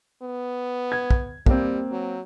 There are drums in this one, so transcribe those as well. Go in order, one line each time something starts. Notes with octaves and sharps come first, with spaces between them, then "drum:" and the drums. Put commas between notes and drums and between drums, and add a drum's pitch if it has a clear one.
B3
G#6
drum: kick
G3 A#3 C4, drum: kick
F#3